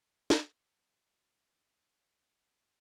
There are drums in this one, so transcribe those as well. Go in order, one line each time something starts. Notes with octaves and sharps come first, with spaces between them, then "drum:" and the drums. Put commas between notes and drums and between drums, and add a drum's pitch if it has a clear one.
drum: snare
C#3 C#5 A5 C#6
G#3 D#4 G#4 B5 E6 F6
F#4 G4 C5 G#6
F#6 G6